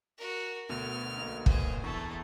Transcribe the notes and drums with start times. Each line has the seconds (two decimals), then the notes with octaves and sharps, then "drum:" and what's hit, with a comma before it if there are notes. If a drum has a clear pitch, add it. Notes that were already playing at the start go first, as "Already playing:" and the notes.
0.18 F#4 A#4
0.69 D2 B2 D3 B3 F6
1.17 B1 A#3 B3
1.46 G#4 C5, drum: kick
1.84 E2 A3 C#6